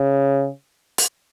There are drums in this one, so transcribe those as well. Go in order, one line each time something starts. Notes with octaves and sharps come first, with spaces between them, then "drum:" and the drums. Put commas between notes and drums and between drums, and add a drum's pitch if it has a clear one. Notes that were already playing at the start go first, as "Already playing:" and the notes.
Already playing: C#3
drum: hi-hat